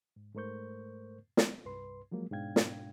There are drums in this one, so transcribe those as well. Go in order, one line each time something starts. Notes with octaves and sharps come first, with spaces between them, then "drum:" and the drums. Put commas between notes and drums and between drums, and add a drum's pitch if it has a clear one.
G#2
G#2 A3 A#4 C5 C#6 G6
drum: snare
C2 G2 B4 C6
F3 F#3 G#3 A#3
G#2 B2 D4 F5 G5 G#6
drum: snare